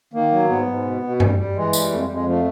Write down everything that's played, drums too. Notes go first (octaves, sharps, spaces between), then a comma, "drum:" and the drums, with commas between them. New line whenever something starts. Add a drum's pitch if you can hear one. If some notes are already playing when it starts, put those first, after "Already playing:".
D#3 A#3
F#3
G#2 B3
G#2
B2
B2
G3, drum: tom G2
G3
E3 G#3
G3, drum: tambourine
F2 A3
G#3
G3
F2 G#3
F3 A3